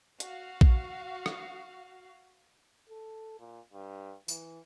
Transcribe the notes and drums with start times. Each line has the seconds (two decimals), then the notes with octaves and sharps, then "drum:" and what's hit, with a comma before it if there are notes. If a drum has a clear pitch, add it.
0.20 F#4 F5, drum: hi-hat
0.61 drum: kick A#1
1.26 drum: rim click
2.89 A4
3.39 A#2
3.73 G2
4.28 E3, drum: tambourine